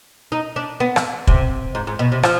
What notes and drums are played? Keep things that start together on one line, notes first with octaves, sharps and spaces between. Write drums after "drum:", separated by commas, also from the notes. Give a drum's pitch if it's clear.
D#4
D4
B3
drum: rim click
C3, drum: kick
G#2
G#2
B2
C3
F3, drum: rim click